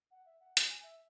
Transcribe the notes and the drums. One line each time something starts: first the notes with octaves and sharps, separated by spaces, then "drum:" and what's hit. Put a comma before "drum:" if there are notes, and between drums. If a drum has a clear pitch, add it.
F#5
E5
F#5
drum: hi-hat
G#5
E5